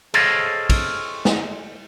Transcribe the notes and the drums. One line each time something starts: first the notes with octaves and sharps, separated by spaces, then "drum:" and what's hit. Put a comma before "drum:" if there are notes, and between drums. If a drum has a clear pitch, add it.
G#4 A4 C5 C#5 D#5 F5, drum: cymbal
drum: kick, cymbal
drum: snare